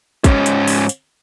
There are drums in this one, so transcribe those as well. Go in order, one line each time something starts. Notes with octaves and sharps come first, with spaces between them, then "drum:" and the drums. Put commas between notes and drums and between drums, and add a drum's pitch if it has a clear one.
G#2 C#4, drum: kick, hi-hat
drum: hi-hat
drum: open hi-hat
drum: hi-hat